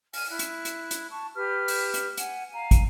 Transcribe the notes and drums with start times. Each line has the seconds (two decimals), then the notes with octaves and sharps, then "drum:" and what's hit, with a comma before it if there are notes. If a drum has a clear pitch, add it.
0.13 G#5 F6, drum: open hi-hat
0.30 E4 F#6
0.39 drum: hi-hat
0.65 drum: hi-hat
0.91 drum: hi-hat
1.11 A5 C#6
1.35 G4 B4 F6
1.68 drum: open hi-hat
1.94 drum: hi-hat
2.17 F#5 G#5, drum: hi-hat
2.52 F5 G#5 A#5
2.71 drum: kick, hi-hat